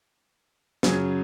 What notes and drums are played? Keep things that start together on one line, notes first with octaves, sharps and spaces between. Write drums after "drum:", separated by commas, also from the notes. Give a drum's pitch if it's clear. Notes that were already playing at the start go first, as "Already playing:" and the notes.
F#2 C#3 F#3 C#4 G#4, drum: snare